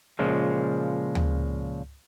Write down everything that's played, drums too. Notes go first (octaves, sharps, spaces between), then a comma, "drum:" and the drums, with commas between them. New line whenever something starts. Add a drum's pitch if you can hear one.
A#2 C#3 F3 G#3
drum: tom D2